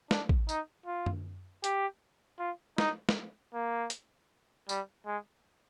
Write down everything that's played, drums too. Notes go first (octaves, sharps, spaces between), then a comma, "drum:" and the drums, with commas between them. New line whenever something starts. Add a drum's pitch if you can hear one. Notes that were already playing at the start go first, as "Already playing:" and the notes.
D4, drum: snare
drum: kick
D#4, drum: tambourine
F4
drum: tom F#2
G4, drum: hi-hat
F4
D#4, drum: snare
drum: snare
A#3
drum: hi-hat
G3, drum: tambourine
G#3